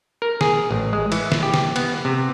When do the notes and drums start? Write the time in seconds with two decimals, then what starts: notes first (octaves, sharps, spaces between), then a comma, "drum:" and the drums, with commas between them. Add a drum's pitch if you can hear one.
0.22 A#4
0.41 G#4, drum: snare
0.71 A1
0.93 G#3
1.12 E3, drum: cymbal
1.32 drum: snare
1.43 G4
1.54 drum: snare
1.76 B3, drum: cymbal
2.05 C3